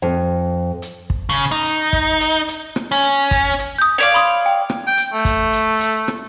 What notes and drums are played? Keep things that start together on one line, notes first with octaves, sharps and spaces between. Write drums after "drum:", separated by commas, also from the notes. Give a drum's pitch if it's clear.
F2
drum: hi-hat
drum: kick
C#3
D#4
drum: hi-hat
drum: kick
drum: hi-hat
drum: hi-hat
drum: rim click
C#4
drum: hi-hat
drum: kick, hi-hat
drum: hi-hat
D#6 G6
C#5 D5 F5
B5 C6 D#6, drum: hi-hat
G5
drum: rim click
G5
drum: hi-hat
A3
drum: kick, hi-hat
drum: hi-hat
drum: hi-hat
drum: rim click